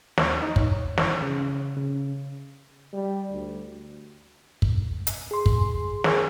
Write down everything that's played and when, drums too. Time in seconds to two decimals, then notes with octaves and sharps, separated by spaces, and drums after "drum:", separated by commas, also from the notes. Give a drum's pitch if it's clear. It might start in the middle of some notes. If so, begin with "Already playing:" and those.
0.18 D#2, drum: snare
0.42 D#4
0.56 C#5, drum: kick
0.98 E3, drum: snare
1.23 C#3
1.77 C#3
2.93 G3
3.31 D2
4.62 drum: kick
5.07 drum: hi-hat
5.31 G#4 C6
5.46 drum: kick
6.04 G#4 A#4 G#5, drum: snare